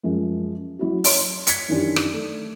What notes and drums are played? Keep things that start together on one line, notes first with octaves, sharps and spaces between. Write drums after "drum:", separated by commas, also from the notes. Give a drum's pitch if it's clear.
F#2 F3 G#3
F#3 E4 F#4
C#5 C6, drum: open hi-hat
G#6 B6 C#7, drum: hi-hat
F#2 D#3 E3 C#4 D4 G4
drum: rim click
A3